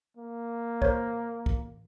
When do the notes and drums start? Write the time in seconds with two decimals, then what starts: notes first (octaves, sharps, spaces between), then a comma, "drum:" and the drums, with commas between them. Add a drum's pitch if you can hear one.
0.17 A#3
0.82 A#4 C5 C#5, drum: kick
1.46 drum: kick